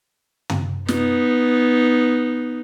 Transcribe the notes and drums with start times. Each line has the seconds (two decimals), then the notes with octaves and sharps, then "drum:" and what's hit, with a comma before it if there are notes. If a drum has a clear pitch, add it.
0.50 drum: tom
0.88 B3 D#4, drum: snare